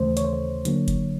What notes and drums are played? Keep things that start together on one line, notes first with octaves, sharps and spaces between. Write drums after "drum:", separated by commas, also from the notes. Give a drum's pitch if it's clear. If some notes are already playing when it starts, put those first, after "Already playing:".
Already playing: D#2 C#3 E3 A3 C5
C#5, drum: hi-hat
C5
C#5
D3 F#3 A#3, drum: hi-hat
drum: kick F#1, hi-hat